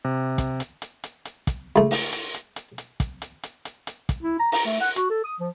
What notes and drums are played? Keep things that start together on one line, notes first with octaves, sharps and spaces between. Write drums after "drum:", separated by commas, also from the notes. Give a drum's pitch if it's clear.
C3
drum: kick, hi-hat
drum: hi-hat
drum: hi-hat
drum: hi-hat
drum: hi-hat
drum: kick, hi-hat
C#2 A3
drum: open hi-hat
drum: hi-hat
drum: hi-hat
drum: hi-hat
drum: hi-hat
drum: kick, hi-hat
drum: hi-hat
drum: hi-hat
drum: hi-hat
drum: hi-hat
drum: kick, hi-hat
E4
A#5
A#5, drum: open hi-hat
A3
F#5
F#4, drum: hi-hat
A4
D#6
F3